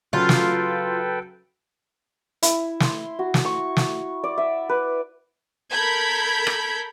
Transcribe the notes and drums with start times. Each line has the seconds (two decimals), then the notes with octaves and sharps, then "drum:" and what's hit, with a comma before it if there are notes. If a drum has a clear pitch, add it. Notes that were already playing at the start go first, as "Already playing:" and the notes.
0.13 C#3 F#3 F4 A4 B4 G5
0.29 drum: snare
2.43 E4, drum: hi-hat
2.80 C6, drum: snare
3.19 F#4
3.34 drum: snare
3.45 C#6
3.77 drum: snare
4.24 D5
4.38 E5
4.69 B4
5.71 A4 A#4 B5 G6 G#6 B6
6.47 drum: rim click